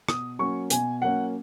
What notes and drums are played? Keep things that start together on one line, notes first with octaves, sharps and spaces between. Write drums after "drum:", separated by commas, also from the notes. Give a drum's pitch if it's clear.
B2 D#6, drum: rim click
F#3 A#3 C#4 C#6
B2 G#5, drum: hi-hat
F#3 A#3 C#4 F#5